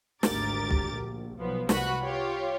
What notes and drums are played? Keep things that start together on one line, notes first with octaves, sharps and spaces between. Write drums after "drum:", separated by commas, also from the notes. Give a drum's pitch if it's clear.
G#1 D2 G4 A#4 D6 A6, drum: snare
drum: kick
A#1
B1 F3 B3
C2 F#4 B4 F#5 B5 F#6, drum: snare
F4 G4 C#5